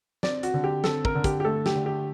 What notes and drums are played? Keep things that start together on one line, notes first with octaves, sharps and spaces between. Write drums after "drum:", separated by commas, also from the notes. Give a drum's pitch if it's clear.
C4 D5, drum: snare
F#4, drum: hi-hat
D3
G4
C4 A4, drum: snare
A#4, drum: kick
D3
G4, drum: kick, hi-hat
G4
A3 A4
G4, drum: snare
D3
G4